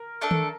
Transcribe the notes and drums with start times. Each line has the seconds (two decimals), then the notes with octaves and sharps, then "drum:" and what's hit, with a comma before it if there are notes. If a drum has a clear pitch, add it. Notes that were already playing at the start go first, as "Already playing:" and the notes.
Already playing: A#4
0.21 A3 D4 A4
0.31 drum: tom D#3